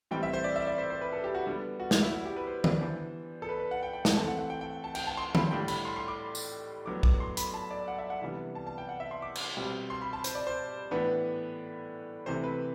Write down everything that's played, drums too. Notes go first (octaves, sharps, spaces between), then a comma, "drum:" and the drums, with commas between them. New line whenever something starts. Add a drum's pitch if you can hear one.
A2 E3 G3 C4 G5
E5
C5
D5
E5
D5
C5
C5
B4
A4
G4
F#4
D3 G3 B3 D4
F#4
F#4, drum: snare
E4
F#4
G4
B4
C5
D5, drum: tom D3
E3 B3 D4 C5
A4
B4
B4
F#5
G5
G5
A5, drum: snare
E3 A3 C4 A5
F#5
F#5
G5
G5
A5
G5, drum: cymbal
A5
C6
B5, drum: tom D3
A2 G3 D4 G5
B5, drum: cymbal
C6
C6
D6
drum: tambourine
A2 F#3 B3 D4 D6
D6, drum: kick B1
C6
B5, drum: hi-hat
A5
D5
F#5
E5
F#5
C3 E3 G3 B3 D4
A5
A5
G5
F#5
E5
C6
D6
drum: cymbal
B2 G3 C4
C6
B5
A5
C5, drum: hi-hat
D5
C5
A2 E3 B3 D4 B4
C3 E3 A3 C4 C5
B4